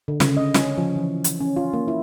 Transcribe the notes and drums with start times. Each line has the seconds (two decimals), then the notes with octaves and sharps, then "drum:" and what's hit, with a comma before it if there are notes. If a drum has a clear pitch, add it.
0.08 D3
0.20 C#3, drum: snare
0.37 D#5
0.54 C#4, drum: snare
0.78 F3
0.96 E3
1.24 drum: hi-hat
1.40 C#4
1.56 F4
1.73 A#3
1.88 E4